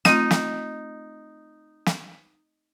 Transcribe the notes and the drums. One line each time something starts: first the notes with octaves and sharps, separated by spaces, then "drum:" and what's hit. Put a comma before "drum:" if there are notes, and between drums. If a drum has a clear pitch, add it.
A3 C4 D#4 F4 D#7, drum: snare
drum: snare
drum: snare